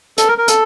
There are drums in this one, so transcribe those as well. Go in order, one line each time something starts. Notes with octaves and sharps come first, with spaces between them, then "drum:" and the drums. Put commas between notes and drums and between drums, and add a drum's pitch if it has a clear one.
A4, drum: hi-hat
A#4
A#4
A4, drum: hi-hat